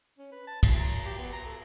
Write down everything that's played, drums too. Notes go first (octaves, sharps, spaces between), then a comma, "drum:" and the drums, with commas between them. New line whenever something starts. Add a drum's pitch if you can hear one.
C#4
B4
A5
E4, drum: kick, cymbal
A#5
G4
B3
A#5
A4